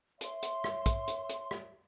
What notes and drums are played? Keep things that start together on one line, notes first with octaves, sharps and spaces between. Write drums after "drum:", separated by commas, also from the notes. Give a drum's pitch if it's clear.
C#5 E5 C6, drum: hi-hat
drum: hi-hat
drum: rim click
drum: kick, hi-hat
drum: hi-hat
drum: hi-hat
drum: rim click